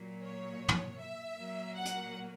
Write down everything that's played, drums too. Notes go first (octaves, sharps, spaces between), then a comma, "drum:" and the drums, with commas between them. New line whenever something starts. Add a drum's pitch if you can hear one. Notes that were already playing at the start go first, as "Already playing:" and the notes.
Already playing: A#2 F#3 A#3
C#5
drum: tom
E5
A#2 F#3 A#3
F#5
drum: hi-hat